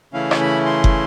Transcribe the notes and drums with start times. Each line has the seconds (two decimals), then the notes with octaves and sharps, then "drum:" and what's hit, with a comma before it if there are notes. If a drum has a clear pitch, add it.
0.13 C#3 E3 A3 C#4 E4 F5
0.31 drum: rim click
0.40 B5
0.66 C6
0.84 drum: kick